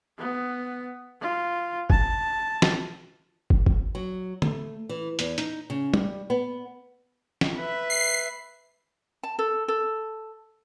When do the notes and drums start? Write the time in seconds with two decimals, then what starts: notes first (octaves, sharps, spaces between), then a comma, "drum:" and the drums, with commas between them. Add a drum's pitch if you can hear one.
0.18 B3
1.21 F4
1.90 A5, drum: kick
2.62 drum: snare
3.50 drum: kick
3.66 drum: kick
3.95 F#3
4.42 A3, drum: tom
4.89 E3
5.19 E2, drum: hi-hat
5.38 D#4, drum: hi-hat
5.70 C#3
5.94 G3, drum: tom
6.30 B3
7.41 drum: snare
7.56 B4 E5
7.90 C7
9.23 A5
9.39 A4
9.68 A4